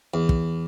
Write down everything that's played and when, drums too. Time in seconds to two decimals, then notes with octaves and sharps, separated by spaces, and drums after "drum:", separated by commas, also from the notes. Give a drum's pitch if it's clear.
0.14 E2
0.29 drum: kick